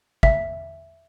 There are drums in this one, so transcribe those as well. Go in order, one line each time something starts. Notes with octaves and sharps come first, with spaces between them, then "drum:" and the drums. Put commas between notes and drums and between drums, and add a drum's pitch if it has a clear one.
E5, drum: kick